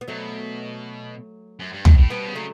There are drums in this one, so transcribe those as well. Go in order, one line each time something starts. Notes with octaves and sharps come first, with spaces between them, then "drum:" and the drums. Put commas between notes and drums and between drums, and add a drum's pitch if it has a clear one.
B3
B2 F#3 A3
F#2
G2
A2, drum: tom
A2
B2 G3 B3
C#3
F#3 A3